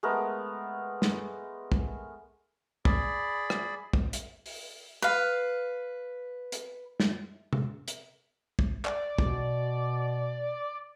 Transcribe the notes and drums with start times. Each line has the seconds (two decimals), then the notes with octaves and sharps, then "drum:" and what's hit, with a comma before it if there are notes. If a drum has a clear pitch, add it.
0.03 G#3 A3 B3 A#4
1.02 drum: snare
1.72 drum: kick
2.85 G#4 D5 B5, drum: kick
3.50 drum: rim click
3.93 drum: kick
4.13 drum: hi-hat
4.46 drum: open hi-hat
5.02 B4 F5
6.52 drum: hi-hat
7.00 drum: snare
7.53 drum: tom C3
7.88 drum: hi-hat
8.59 drum: kick
8.85 D5, drum: clap
9.18 B2, drum: kick